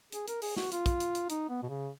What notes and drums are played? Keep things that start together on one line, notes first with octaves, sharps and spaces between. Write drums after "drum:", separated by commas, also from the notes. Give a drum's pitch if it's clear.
G#4, drum: hi-hat
A#4, drum: hi-hat
G#4, drum: open hi-hat
F#4, drum: snare
F4, drum: hi-hat
drum: kick, hi-hat
drum: hi-hat
drum: hi-hat
D#4, drum: hi-hat
B3
B2
C#3